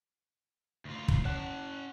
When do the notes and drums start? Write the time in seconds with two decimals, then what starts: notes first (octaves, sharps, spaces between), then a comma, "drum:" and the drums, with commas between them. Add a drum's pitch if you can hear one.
0.85 D2 F4
1.08 drum: kick
1.25 C#4 F#5 A5